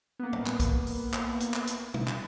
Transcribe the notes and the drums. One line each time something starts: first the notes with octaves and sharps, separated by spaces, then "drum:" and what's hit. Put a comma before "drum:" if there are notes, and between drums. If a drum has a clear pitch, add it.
A#3 B3
drum: tom
drum: clap
drum: kick B1, hi-hat
drum: open hi-hat
drum: clap
drum: hi-hat
drum: clap
drum: hi-hat
drum: tom
drum: clap